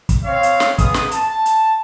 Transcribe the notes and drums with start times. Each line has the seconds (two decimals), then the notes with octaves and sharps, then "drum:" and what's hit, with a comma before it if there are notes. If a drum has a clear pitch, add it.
0.09 drum: kick, hi-hat
0.25 C4 C#5 F5
0.43 drum: hi-hat
0.60 drum: snare
0.78 G#3 B3 G#4 D#6, drum: kick, hi-hat
0.94 drum: snare
1.11 A5, drum: hi-hat
1.46 drum: hi-hat